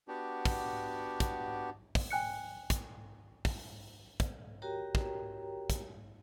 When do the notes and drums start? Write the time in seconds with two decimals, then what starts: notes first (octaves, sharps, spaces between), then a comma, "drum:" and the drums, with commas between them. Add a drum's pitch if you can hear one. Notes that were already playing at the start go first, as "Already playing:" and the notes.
0.08 B3 D4 F#4 G4
0.45 drum: kick, open hi-hat
1.20 drum: kick, hi-hat
1.95 drum: kick, open hi-hat
2.10 G5 G#5 F#6 C#7
2.70 drum: kick, hi-hat
3.45 drum: kick, open hi-hat
4.20 drum: kick, hi-hat
4.62 F#4 G4 A#4 C#5 G5 A#5
4.95 drum: kick
5.70 drum: kick, hi-hat